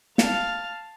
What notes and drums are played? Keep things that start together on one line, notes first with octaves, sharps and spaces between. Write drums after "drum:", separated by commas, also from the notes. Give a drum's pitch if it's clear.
F5 A5, drum: snare